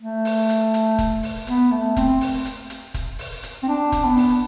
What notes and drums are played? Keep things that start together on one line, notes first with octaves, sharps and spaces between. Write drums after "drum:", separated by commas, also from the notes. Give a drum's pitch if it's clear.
A3
drum: open hi-hat
drum: hi-hat
drum: hi-hat
drum: kick F1, hi-hat
drum: open hi-hat
B3, drum: hi-hat
A3
C4, drum: kick F1, hi-hat
drum: open hi-hat
drum: hi-hat
drum: hi-hat
drum: kick F1, hi-hat
drum: open hi-hat
drum: hi-hat
C4
D4
drum: kick F1, hi-hat
B3
drum: open hi-hat